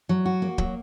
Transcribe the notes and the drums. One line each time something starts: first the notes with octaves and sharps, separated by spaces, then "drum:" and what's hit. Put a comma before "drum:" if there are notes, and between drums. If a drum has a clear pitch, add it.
F#3
F#4
A#3
F#3, drum: kick